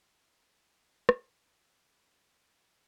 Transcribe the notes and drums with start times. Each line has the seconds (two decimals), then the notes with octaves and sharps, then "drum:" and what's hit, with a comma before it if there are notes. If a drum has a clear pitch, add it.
0.07 G7
1.09 drum: rim click
1.89 B5